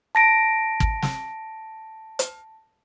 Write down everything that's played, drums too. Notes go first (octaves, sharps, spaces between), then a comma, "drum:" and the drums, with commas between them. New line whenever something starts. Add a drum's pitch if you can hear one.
A5 A#6 D7
drum: kick
drum: snare
drum: hi-hat